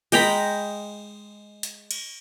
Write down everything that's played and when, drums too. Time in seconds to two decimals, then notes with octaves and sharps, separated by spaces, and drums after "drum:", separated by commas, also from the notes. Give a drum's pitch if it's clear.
0.12 G#3 G5 A#5 B5, drum: cymbal
1.63 drum: hi-hat
1.91 drum: cymbal